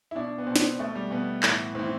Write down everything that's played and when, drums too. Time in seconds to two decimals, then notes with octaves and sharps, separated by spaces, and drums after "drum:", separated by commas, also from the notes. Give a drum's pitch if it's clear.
0.11 E4
0.15 B2 D4
0.38 B3
0.47 B2 C4
0.56 drum: snare
0.79 B2 A3
0.95 G3
1.11 B2 B3
1.43 A2 E3, drum: clap
1.75 A2 E3 C4